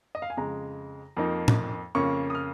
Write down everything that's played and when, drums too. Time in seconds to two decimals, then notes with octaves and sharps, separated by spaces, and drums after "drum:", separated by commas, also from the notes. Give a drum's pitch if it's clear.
0.15 D#5
0.22 F5
0.30 G#5
0.37 F2 C#3 G#3 A#5
1.17 F2 F3 A#3 D#4
1.48 drum: tom
1.95 F2 C#3 A#3 C#4 C#6
2.30 D#6
2.35 F6